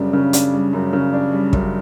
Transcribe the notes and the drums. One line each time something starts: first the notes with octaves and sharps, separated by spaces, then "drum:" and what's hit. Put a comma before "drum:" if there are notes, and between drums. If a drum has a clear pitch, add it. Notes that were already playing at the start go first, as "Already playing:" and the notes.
Already playing: F#2 C#3 G3 D4
C#3
D4, drum: hi-hat
G3
F#2
C#3
D4
G3
F#2, drum: kick